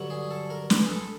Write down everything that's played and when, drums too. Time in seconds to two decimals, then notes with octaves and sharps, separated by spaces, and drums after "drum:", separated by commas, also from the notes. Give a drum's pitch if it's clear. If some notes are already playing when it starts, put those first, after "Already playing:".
Already playing: G2 D3 F#3
0.10 G#4
0.31 A4
0.50 A#4
0.70 B4, drum: snare
0.84 G#4
0.90 A4